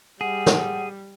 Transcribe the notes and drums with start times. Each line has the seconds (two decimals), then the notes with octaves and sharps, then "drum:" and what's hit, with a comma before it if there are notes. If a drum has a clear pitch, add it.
0.21 G3 G#4 F#5
0.46 drum: snare